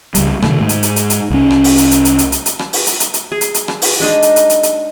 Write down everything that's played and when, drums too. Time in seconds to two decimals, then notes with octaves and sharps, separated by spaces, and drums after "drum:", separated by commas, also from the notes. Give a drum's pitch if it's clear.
0.15 C#2 G3, drum: hi-hat
0.42 C3 D#3 A3, drum: rim click
0.60 G#2
0.69 drum: hi-hat
0.83 drum: hi-hat
0.96 drum: hi-hat
1.10 drum: hi-hat
1.30 C2 C#4
1.51 drum: rim click
1.64 drum: open hi-hat
1.78 drum: hi-hat
1.91 drum: hi-hat
2.05 drum: hi-hat
2.19 drum: hi-hat
2.32 drum: hi-hat
2.46 drum: hi-hat
2.59 drum: rim click
2.73 drum: open hi-hat
2.86 drum: hi-hat
3.00 drum: hi-hat
3.14 drum: hi-hat
3.32 G#4
3.41 drum: hi-hat
3.54 drum: hi-hat
3.68 drum: rim click
3.82 drum: open hi-hat
4.00 G#3 D4 D#4
4.22 drum: hi-hat
4.36 drum: hi-hat
4.50 drum: hi-hat
4.63 drum: hi-hat